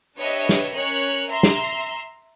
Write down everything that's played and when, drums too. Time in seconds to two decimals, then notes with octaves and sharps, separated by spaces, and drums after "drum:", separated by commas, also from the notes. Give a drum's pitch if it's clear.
0.18 D4 G4 B4 C#5 D#5 E5
0.49 drum: snare
0.74 C#4 A#4 C#5 F#6
1.30 E5 A#5 C6
1.43 drum: snare